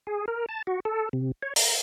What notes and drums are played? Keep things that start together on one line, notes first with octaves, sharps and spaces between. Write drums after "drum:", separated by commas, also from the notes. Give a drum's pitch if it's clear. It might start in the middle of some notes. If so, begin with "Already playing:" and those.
G#4
A#4
A5
F#4
A4
C3
C#5
A#5, drum: open hi-hat